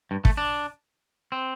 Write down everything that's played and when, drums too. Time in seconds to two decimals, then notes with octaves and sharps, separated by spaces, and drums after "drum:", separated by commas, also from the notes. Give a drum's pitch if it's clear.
0.11 G2
0.25 A3, drum: kick
0.37 D4
1.32 C4